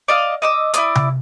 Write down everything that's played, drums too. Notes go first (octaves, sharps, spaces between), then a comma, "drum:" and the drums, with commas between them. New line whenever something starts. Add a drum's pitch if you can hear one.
D5 D#5 F5
D#5 D6 E6
E4 D5 D#6, drum: hi-hat
drum: tom C3